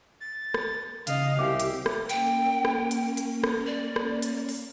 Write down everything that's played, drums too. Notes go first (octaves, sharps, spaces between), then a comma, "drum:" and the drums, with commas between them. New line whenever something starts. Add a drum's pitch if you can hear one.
A6
drum: rim click
C#3 D#5 F5, drum: hi-hat
C2 G4 E5 G#5 D6
drum: hi-hat
drum: rim click
A#3 C#4 G5, drum: hi-hat
drum: rim click
drum: hi-hat
drum: hi-hat
drum: rim click
D5
drum: rim click
drum: hi-hat
drum: open hi-hat